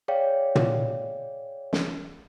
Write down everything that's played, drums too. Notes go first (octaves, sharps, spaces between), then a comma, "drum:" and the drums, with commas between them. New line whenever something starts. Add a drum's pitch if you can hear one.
G#4 C#5 D5 F5 G5
drum: tom
drum: snare